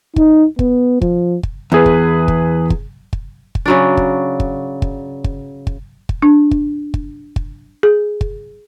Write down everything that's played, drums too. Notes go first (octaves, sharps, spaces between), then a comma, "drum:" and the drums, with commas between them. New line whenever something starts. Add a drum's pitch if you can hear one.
D#4, drum: kick
B3, drum: kick
F3, drum: kick
drum: kick
E2 E4 G#4 B4
drum: kick
drum: kick
drum: kick
drum: kick
drum: kick
C#3 F#3 D4
drum: kick
drum: kick
drum: kick
drum: kick
drum: kick
drum: kick
D4
drum: kick
drum: kick
drum: kick
G#4
drum: kick